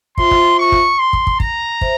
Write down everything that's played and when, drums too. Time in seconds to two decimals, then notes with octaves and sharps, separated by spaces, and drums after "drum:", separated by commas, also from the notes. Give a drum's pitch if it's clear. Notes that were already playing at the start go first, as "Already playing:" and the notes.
0.18 F4 C5 E5 C6, drum: kick
0.31 drum: kick
0.59 C#6
0.72 drum: kick
0.99 C6
1.13 drum: kick
1.27 drum: kick
1.40 A#5, drum: kick
1.81 C5 E5, drum: kick